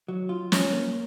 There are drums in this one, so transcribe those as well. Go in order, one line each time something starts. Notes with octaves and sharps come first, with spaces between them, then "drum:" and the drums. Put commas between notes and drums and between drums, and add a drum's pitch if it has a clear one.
F#3
F4
C#4, drum: snare
A#3